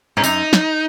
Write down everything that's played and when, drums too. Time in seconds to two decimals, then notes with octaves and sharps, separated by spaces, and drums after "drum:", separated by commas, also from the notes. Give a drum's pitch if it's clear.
0.17 G#2 C#4
0.24 F#2 D#4, drum: tambourine
0.53 drum: snare